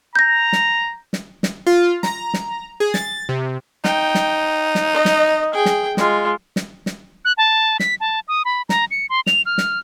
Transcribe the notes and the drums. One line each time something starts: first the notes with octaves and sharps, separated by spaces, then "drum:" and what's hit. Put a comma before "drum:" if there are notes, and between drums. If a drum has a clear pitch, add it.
A#5 G6 A#6
drum: snare
drum: snare
drum: snare
F4
A#5, drum: snare
drum: snare
G#4
A6, drum: snare
C3
D#4 G5, drum: snare
drum: snare
drum: snare
D#5
drum: snare
G#4 G5
drum: snare
G#3 F4, drum: snare
drum: snare
drum: snare
F#6
A5
B6, drum: snare
A5
D#6
B5
A#5, drum: snare
C#7
C6
F7, drum: snare
F6
drum: snare